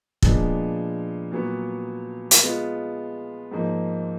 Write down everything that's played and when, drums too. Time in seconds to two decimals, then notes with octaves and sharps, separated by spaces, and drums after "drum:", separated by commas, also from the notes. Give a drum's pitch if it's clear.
0.23 A#2 F3 G#3 B3 D4, drum: kick
1.31 A#2 F#3 B3
2.31 drum: hi-hat
2.42 G#3 B3 F4
3.51 G#2 F3 A#3 D#4